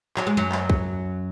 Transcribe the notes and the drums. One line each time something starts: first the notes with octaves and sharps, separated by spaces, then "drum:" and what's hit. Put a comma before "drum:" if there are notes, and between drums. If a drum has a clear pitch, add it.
F#3, drum: clap
G#3
F#2 F#3
drum: clap
drum: kick